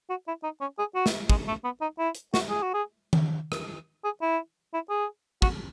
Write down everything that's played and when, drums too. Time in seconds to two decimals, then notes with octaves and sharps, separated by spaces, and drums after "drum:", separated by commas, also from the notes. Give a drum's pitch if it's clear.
0.10 F#4
0.28 E4
0.44 D#4
0.61 C#4
0.79 G#4
0.95 F#4
1.06 drum: snare
1.30 G#3, drum: kick
1.48 A3
1.64 B3
1.82 D#4
1.99 E4
2.15 drum: hi-hat
2.34 F#4, drum: snare
2.50 G#4
2.63 F#4
2.74 G#4
3.13 drum: tom D#3
3.52 drum: rim click
4.04 G#4
4.22 E4
4.74 E4
4.90 G#4
5.42 F#4, drum: kick